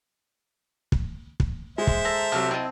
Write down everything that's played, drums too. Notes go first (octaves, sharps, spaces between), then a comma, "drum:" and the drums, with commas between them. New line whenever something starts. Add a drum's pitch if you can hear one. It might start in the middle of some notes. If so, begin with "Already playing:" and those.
drum: kick
drum: kick
G#3 C5 E5
drum: kick
A4 A#5
C2 C3 F#3 E4 A4 F6
C4 E4 D#5 A5